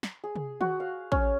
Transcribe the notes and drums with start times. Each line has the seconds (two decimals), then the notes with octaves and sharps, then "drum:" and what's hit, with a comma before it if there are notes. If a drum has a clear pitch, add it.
0.03 drum: snare
0.24 G#4
0.36 drum: tom C3
0.61 F#4, drum: tom D#3
0.80 F5
1.12 C#4, drum: kick